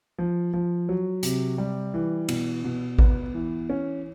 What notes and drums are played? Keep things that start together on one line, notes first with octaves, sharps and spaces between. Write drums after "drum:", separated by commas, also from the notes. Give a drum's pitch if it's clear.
F3
F3
F#3
C3, drum: hi-hat
G3
E3
B2, drum: cymbal
B2
B3, drum: kick G#1
E3
C#4